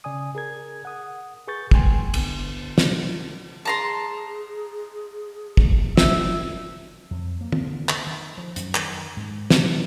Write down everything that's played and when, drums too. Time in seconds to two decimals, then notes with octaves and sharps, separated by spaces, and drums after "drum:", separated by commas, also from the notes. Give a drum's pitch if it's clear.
0.04 C#3 D5 G#5 D#6
0.35 G#4 A#4 G#6
0.85 F#5 D#6
1.47 G#4 B4 C#6 G6 A6
1.71 C#2 G#3 G5 G#5 C6, drum: kick
2.14 D3 B3, drum: cymbal
2.78 drum: snare
3.65 G#4 A5 A#5 C6
5.57 drum: kick
5.97 F4 E5, drum: snare
7.11 F2
7.41 A#3
7.52 drum: tom
7.62 D3
7.89 drum: clap
8.07 D#3
8.38 F3
8.56 F#2, drum: hi-hat
8.75 D#3, drum: clap
9.17 G#2
9.50 E3, drum: snare